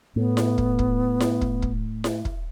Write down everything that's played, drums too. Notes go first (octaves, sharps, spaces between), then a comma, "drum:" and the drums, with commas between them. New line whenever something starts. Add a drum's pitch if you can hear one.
A2 B3
drum: snare E4
drum: kick
drum: kick
drum: snare E4
drum: kick
drum: kick
drum: snare E4
drum: kick